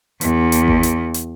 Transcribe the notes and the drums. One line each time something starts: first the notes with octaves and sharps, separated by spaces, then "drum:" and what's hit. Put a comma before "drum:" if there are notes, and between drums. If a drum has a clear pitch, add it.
E2, drum: hi-hat
drum: hi-hat
drum: kick G#1
drum: hi-hat
drum: hi-hat